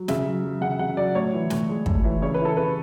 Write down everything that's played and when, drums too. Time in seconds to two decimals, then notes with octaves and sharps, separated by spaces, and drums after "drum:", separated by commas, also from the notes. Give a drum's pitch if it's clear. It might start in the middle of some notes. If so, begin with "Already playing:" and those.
Already playing: F#3
0.08 C#3 E5, drum: snare
0.25 F#3
0.44 F#3
0.61 C#3 F#5
0.79 C#3 F#5
0.97 F#3 D5
1.15 A2 C#5
1.33 E3
1.50 A2, drum: snare
1.69 G#3
1.86 A2, drum: kick
2.04 E3
2.22 C#3 C#5
2.34 B4
2.41 E3 A4
2.57 C#3 B4